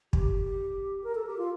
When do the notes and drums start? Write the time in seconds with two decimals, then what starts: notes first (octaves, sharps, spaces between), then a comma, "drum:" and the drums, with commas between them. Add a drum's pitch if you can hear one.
0.13 G4, drum: kick
1.04 A#4
1.15 A4
1.27 G4
1.38 F4